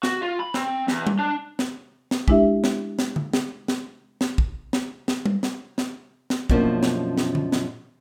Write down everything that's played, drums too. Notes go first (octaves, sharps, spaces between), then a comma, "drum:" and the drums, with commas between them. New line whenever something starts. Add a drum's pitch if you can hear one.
F#4, drum: snare
F4
B5
C4, drum: snare
E2, drum: snare
drum: tom G3
D4
drum: snare
drum: snare
G#3 D4 E4 G4 E5, drum: kick
drum: snare
drum: snare
drum: tom D3
drum: snare
drum: snare
drum: snare
drum: kick
drum: snare
drum: snare
drum: tom G3
drum: snare
drum: snare
drum: snare
F#2 B2 F3 A#3 C#4 D4, drum: kick
drum: snare
drum: snare
drum: tom D3
drum: snare